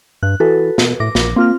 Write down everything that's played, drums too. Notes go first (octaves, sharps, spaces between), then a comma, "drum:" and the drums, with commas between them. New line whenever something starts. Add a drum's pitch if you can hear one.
G2 F#6
E3 F#4 A4 B4
B2, drum: snare
A2 D6 A#6
A#1, drum: snare
A#3 C4 F4 F6